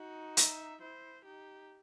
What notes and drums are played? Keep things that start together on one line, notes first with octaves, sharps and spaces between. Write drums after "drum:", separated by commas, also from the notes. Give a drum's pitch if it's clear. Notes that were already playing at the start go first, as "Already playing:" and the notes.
Already playing: D#4 F#4
E5, drum: hi-hat
E4 C5
D#4 G4